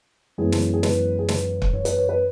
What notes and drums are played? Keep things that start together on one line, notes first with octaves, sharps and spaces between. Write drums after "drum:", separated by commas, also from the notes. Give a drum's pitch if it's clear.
F#2 E3 G#3 B3 G#4
drum: snare
G#4
B4, drum: snare
G#4
B4, drum: snare
drum: kick
C#5
B4, drum: hi-hat
C#5
B4